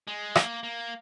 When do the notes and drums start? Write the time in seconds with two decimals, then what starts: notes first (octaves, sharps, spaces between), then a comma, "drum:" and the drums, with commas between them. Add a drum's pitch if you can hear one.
0.07 G#3
0.35 A#3, drum: rim click
0.63 A#3